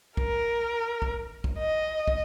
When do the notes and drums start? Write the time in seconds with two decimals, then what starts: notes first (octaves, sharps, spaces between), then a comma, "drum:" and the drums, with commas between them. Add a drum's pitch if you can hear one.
0.17 A#4, drum: kick
1.02 drum: kick
1.44 drum: kick
1.59 D#5
2.08 drum: kick